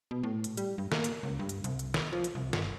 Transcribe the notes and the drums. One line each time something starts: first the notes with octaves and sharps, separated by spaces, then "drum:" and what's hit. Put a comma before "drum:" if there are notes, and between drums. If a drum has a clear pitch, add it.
B2
A2
drum: hi-hat
G3, drum: hi-hat
G2
A#3, drum: snare
drum: hi-hat
C#2
G2
drum: hi-hat
C2, drum: hi-hat
drum: hi-hat
drum: snare
F3
drum: hi-hat
C2
G1, drum: snare